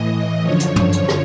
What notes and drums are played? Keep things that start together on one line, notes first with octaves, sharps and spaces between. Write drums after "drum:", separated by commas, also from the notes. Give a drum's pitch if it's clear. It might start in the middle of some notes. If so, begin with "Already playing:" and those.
Already playing: A2 E3 D#5
F#2 D3 F3 C#5
drum: hi-hat
drum: tom
drum: hi-hat
drum: rim click